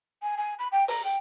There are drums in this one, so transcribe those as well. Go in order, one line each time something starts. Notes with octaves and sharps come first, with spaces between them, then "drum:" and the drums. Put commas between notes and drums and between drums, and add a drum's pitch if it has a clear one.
G#5
G#5
B5
G5
A#5, drum: open hi-hat
G5